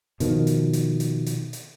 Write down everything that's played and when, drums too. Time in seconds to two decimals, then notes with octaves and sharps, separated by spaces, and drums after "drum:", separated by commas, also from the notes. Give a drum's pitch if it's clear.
0.20 B2 D#3 F3, drum: hi-hat
0.47 drum: hi-hat
0.73 drum: hi-hat
1.00 drum: hi-hat
1.26 drum: hi-hat
1.53 drum: hi-hat